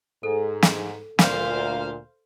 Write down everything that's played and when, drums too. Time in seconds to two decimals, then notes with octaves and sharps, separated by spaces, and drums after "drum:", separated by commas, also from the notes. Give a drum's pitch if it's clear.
0.23 G#2 A4
0.62 drum: snare
1.19 D2 A#2 C5 F5, drum: snare